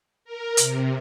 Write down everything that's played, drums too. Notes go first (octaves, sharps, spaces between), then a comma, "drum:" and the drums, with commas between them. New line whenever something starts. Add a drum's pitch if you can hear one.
A#4
C3, drum: hi-hat